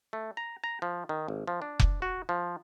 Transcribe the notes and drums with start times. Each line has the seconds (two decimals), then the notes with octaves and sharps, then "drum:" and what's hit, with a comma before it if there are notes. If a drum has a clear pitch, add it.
0.13 A3
0.37 A#5
0.64 A#5
0.82 F3
1.09 D#3
1.28 G#1
1.47 F3
1.62 D4
1.79 drum: kick F1
2.02 F#4
2.29 F3